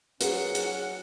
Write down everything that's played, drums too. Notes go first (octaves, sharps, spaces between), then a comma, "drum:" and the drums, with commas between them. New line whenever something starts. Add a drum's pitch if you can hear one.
F#3 C#4 G#4 A#4 B4 F#5, drum: hi-hat
drum: hi-hat